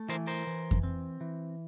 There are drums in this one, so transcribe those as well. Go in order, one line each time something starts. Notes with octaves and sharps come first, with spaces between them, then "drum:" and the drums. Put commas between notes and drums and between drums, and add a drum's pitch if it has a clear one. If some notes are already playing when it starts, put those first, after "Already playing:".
Already playing: A3
E3 A#4 C5
A#4 C5
E3
drum: kick F2
C4
E3